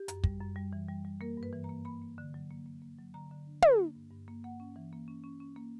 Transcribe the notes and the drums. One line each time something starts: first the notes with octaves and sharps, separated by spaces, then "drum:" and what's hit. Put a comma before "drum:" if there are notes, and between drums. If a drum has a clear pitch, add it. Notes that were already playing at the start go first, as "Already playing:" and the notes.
Already playing: G4
F#2, drum: hi-hat
G3, drum: kick
F#2
G3
E3
G3
G3
A#3 A#4
G2
B4
E3
A#5
A#3
A#3 B5
A#3
D3
F#3
A#3
A#3
A#3
F#3
D3 A#5
D3
D4
D4, drum: tom
A#3
G2
G2
A#3
A#3 F#5
C#4
E3
A#3
C#4
C#4
C#4
A#3